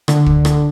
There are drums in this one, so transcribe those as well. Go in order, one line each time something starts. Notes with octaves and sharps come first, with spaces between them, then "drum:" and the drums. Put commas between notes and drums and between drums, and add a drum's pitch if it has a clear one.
D3, drum: rim click
drum: kick
drum: rim click